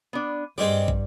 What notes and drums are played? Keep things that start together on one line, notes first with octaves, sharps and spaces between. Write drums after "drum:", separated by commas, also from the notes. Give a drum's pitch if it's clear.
B3 D4
G2 G3 G#3 C4 D5
drum: kick